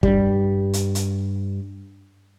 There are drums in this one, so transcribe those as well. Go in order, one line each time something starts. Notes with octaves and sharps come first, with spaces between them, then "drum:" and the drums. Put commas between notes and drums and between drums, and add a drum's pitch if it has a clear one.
G2 G3, drum: kick
drum: hi-hat
drum: hi-hat